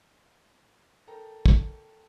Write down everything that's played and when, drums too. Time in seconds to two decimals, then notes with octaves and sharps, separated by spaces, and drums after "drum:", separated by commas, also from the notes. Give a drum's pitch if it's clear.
1.07 A4 A#4 G5 A#5
1.46 drum: kick